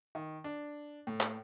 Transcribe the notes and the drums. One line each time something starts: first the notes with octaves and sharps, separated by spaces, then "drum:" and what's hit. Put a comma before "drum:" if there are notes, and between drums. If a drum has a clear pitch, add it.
D#3
D4
A2
drum: clap